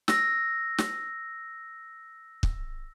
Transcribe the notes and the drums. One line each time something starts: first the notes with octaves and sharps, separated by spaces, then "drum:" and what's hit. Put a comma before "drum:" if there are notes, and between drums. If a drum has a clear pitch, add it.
E6 A#6, drum: snare
drum: snare
drum: kick